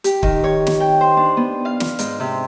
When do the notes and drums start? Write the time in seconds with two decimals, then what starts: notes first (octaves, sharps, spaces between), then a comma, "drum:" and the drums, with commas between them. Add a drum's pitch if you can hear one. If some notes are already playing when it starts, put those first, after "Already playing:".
0.04 G4, drum: hi-hat
0.23 D#3, drum: kick
0.44 C#5
0.67 drum: snare
0.80 G5
1.01 C5
1.17 D4
1.37 B3
1.65 F5
1.80 drum: snare
1.99 G#2, drum: hi-hat
2.20 C3